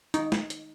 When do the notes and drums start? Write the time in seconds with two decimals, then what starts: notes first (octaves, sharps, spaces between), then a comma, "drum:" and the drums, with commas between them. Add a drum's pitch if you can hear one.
0.14 D#4, drum: hi-hat
0.32 drum: snare
0.50 drum: hi-hat